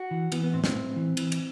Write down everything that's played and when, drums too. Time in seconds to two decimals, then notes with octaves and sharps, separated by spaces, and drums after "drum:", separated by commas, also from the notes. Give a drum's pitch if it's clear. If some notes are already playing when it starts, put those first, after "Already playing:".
Already playing: F#4
0.11 E3
0.32 E3 B3, drum: cymbal
0.43 B3
0.53 A2 C4
0.64 C4, drum: snare
0.75 A2
0.96 E3
1.17 E3, drum: cymbal
1.32 drum: cymbal